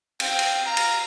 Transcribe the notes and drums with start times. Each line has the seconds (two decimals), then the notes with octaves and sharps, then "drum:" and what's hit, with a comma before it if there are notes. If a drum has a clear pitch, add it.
0.20 C4 F5 G5, drum: cymbal
0.39 drum: cymbal
0.66 F5 A#5
0.77 drum: cymbal